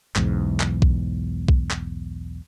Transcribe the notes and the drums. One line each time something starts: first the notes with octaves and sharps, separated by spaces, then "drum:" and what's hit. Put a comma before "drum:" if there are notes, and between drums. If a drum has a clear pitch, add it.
B1 E2 G#2, drum: clap
drum: clap
drum: kick B1
drum: kick B1
drum: clap